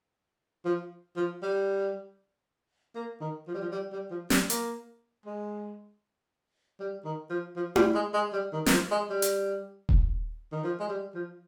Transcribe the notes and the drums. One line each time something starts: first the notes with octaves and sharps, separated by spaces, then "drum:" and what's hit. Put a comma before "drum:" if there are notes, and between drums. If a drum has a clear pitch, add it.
F3
F3
G3
A#3
D#3
F3
G3
F3
G3
G3
F3
G3, drum: snare
A#3, drum: hi-hat
G#3
G3
D#3
F3
F3
G3, drum: tom E4
G#3
G#3
G3
D#3
D#3, drum: snare
F3
G#3
G3
drum: hi-hat
drum: kick D#1
D#3
F3
G#3
G3
F3